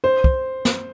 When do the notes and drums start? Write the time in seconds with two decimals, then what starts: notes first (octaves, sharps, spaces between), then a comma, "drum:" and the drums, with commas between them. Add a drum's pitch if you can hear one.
0.04 C5
0.24 drum: kick
0.65 drum: snare